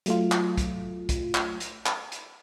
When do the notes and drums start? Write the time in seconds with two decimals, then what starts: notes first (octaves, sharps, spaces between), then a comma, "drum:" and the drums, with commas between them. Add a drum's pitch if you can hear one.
0.06 F#3 A3 F4, drum: hi-hat
0.32 drum: clap
0.57 drum: kick, hi-hat
1.09 drum: kick, hi-hat
1.35 drum: clap
1.60 drum: hi-hat
1.86 drum: clap
2.12 drum: hi-hat